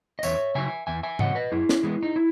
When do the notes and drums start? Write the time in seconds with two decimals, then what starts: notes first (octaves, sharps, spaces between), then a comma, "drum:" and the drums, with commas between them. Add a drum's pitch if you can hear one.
0.19 D#5
0.23 E2 C#5 E5, drum: tambourine
0.55 C#3 F#3 E5 G#5
0.87 E2 E5 G#5
1.03 E5 G#5
1.19 C#3 F#3 D#5 F#5, drum: tom G#2
1.35 B4 D#5
1.51 F#2 E4 G#4
1.69 drum: snare
1.83 E3 G#3 B3
2.03 D#4
2.16 E4